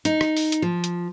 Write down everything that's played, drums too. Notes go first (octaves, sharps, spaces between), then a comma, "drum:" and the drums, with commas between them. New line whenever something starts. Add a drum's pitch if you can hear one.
D#4, drum: hi-hat
drum: rim click
drum: open hi-hat
drum: hi-hat
F3
drum: hi-hat